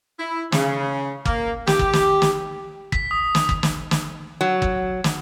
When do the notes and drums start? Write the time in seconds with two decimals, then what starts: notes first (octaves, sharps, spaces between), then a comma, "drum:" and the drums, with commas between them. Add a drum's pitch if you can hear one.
0.20 E4
0.52 C#3, drum: snare
1.25 A#3, drum: kick G1
1.67 G4, drum: snare
1.79 drum: kick G1
1.93 drum: snare
2.22 drum: snare
2.92 B6, drum: kick G1
3.11 D#6
3.35 drum: snare
3.49 drum: kick G1
3.63 drum: snare
3.91 drum: snare
4.41 F#3
4.62 drum: kick G1
5.04 drum: snare